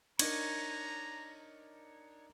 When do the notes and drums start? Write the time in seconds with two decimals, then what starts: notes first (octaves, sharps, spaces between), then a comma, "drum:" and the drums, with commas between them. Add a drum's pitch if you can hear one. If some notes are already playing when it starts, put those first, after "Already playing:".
0.19 D4 D#4 A#4 C#5 A#5, drum: cymbal